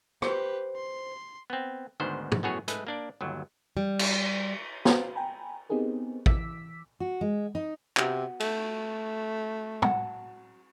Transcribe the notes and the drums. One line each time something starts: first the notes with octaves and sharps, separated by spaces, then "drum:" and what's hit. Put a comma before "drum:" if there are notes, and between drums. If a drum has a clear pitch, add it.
G4 B4 C5, drum: rim click
C6
B3 C4
D2 G#2 D#3 B3 C5
drum: tom
F#2 A2 B3 F#4 G#4 C#5
G#3 A3 B4, drum: hi-hat
A#3 D4 D5
G1 D#2 F#3
G3
drum: cymbal
F#4 B4 C5 F5, drum: snare
G5 G#5 A#5 B5
B3 C4 D#4 G4 G#4 A#4
E3 D6 E6 B6, drum: kick A1
F#4
G#3
D#4
C3 B3 F#4, drum: clap
A3, drum: cymbal
F#3 F#5 A5, drum: tom